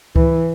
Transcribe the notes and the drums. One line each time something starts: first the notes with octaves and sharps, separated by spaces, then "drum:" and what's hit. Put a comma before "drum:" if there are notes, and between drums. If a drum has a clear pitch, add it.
E3, drum: kick C#2